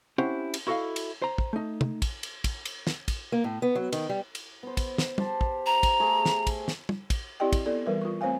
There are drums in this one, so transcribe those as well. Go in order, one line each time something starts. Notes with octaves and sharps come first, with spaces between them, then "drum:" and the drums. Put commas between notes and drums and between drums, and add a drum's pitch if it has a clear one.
C4 C#4 E4 G4 C5 F#5
drum: cymbal
E4 F#4 A4 D#5 F5
drum: cymbal
C5 A#5
drum: kick
A3 D#4
drum: tom
drum: kick, cymbal
drum: cymbal
drum: kick, cymbal
drum: cymbal
drum: snare
drum: kick, cymbal
A#3
A2
B3
F#3
D#3, drum: cymbal
G3
drum: cymbal
B3 C5
drum: kick, cymbal
drum: snare
G4 C5 A5, drum: tom
drum: kick
A#5
drum: kick, cymbal
A3 G#4
drum: snare
drum: kick, cymbal
drum: snare
drum: tom
drum: kick, cymbal
C4 E4 G4 D5 D#5 G5
drum: kick, cymbal
B3 E4 A4 D5
E3 G3 A#4 B4
F4 C#6
A3 C4 C5 C#5 F5 G#5